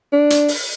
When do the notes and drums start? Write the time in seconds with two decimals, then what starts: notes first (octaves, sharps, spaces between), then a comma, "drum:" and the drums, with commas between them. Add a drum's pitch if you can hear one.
0.12 D4
0.30 drum: hi-hat
0.48 drum: open hi-hat